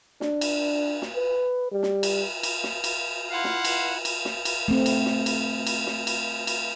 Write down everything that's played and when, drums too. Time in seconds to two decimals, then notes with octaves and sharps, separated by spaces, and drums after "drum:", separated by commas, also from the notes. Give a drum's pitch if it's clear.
0.21 D4, drum: snare
0.41 drum: cymbal
1.02 drum: snare
1.15 B4
1.72 G3
1.83 drum: snare
2.03 drum: cymbal
2.43 drum: cymbal
2.64 drum: snare
2.84 drum: cymbal
3.31 E4 F4 F5 F#5
3.44 drum: snare
3.65 drum: cymbal
4.05 drum: cymbal
4.25 drum: snare
4.45 drum: cymbal
4.68 A3 C4
4.86 drum: cymbal
5.06 drum: snare
5.26 drum: cymbal
5.67 drum: cymbal
5.87 drum: snare
6.07 drum: cymbal
6.47 drum: cymbal